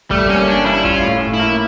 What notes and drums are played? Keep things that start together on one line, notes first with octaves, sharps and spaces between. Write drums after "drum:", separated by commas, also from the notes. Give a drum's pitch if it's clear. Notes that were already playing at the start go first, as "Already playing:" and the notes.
G3 A3, drum: kick G1
A#3 C#4
C#4 D4
G3 E4
C#4 F4, drum: kick G1
A2
A2
E4
A#3